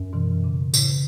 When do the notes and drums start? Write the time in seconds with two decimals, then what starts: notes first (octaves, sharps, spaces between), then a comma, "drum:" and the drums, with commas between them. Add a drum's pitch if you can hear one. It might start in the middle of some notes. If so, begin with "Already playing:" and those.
Already playing: F#2
0.13 B2 E3
0.44 C#3
0.74 A2 C#3, drum: tambourine